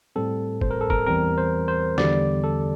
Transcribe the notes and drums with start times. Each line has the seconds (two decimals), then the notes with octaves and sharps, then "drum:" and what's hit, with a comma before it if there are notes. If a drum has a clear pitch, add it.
0.16 A2 G3 C4 A4
0.61 C5, drum: kick
0.71 A#4
0.81 A4
0.90 A#4, drum: kick
1.07 E2 E3 G3 C4 A#4
1.38 C5
1.68 C5
1.98 E2 D3 G3 D5, drum: snare
2.44 A4